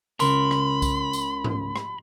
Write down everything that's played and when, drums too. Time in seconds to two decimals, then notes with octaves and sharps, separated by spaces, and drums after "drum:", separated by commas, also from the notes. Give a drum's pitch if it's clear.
0.20 C#2 C#3 A#4 B5 C6, drum: tambourine
0.51 drum: rim click
0.82 drum: kick C2, tambourine
1.13 drum: tambourine
1.44 drum: tom G#2
1.76 drum: rim click